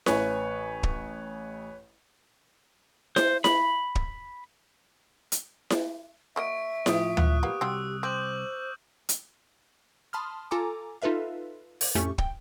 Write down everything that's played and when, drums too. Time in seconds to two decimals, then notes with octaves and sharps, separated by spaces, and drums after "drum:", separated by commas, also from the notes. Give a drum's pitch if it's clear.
0.06 A1 B4 C#5 G#5 C#6, drum: snare E4
0.83 drum: kick
3.16 C5, drum: snare E4
3.44 B5, drum: snare E4
3.95 drum: kick
5.32 drum: hi-hat
5.70 drum: snare E4
6.36 F#3 A#3 D#5 E5 C#6 D7
6.86 A2 F3 D#6, drum: snare E4
7.17 B3 E4 F5 F#6, drum: tom D2
7.43 G3 A#3 B3 G4
7.61 C2 F#3 F4 G5 E6
8.03 C4 C5 D6 G6 F#7
9.09 drum: hi-hat
10.13 A5 B5 C6 D#6 F6
10.51 F4 A4 G#5 A#5 D6
11.02 D#4 F4 A4 B4 E5 F5
11.81 drum: open hi-hat
11.95 F2 A2 A3 C#4 G4 C#6
12.18 G5, drum: kick